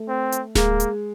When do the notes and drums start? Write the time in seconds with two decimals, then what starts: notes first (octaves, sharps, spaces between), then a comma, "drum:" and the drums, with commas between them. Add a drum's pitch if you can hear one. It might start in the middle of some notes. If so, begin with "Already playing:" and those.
Already playing: A3
0.08 C4
0.32 drum: hi-hat
0.55 G#3 A#3, drum: snare D1
0.80 drum: hi-hat